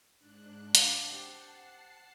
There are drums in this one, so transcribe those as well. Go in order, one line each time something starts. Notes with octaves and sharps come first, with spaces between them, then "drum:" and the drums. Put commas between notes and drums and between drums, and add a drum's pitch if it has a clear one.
G#2 D4 F#6
G2 D4 F5 F#5 A5 C7, drum: hi-hat
C4 G4